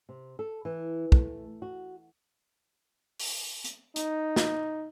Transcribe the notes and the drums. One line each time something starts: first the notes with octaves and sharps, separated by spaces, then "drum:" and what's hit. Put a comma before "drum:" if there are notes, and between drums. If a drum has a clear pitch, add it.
C3
A4
E3
A3, drum: kick
F#4
drum: open hi-hat
drum: hi-hat
D#4, drum: hi-hat
drum: snare